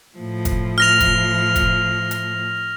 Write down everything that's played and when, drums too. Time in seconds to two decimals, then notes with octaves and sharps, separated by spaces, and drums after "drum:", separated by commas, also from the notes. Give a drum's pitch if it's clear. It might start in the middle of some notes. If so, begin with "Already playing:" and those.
0.17 A2 F3
0.45 drum: kick, hi-hat
0.78 F6 A#6 F7
1.00 drum: kick, hi-hat
1.56 drum: kick, hi-hat
2.11 drum: hi-hat